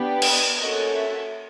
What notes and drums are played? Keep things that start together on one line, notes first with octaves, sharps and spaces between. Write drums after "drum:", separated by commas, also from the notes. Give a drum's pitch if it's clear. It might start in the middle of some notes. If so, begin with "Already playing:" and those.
Already playing: B3 D4 G4
D#5, drum: cymbal
A#3 C#4 F#4 A4 D#5
E5